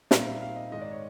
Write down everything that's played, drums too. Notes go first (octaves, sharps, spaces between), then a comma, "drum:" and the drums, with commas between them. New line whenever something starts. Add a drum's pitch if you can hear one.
A#2 G3 C4 D#4 E5, drum: snare
F5
E5
F5
D#5
G#2 D#3 G#3 D#5
D5
C#5